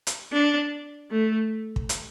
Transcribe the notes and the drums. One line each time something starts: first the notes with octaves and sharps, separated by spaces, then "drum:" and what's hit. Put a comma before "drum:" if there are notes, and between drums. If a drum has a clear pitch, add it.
drum: hi-hat
D4
A3
drum: kick
drum: hi-hat